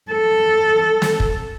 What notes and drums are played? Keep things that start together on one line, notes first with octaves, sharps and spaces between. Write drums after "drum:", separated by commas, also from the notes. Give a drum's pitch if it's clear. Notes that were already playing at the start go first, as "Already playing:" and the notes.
A4
drum: snare
drum: kick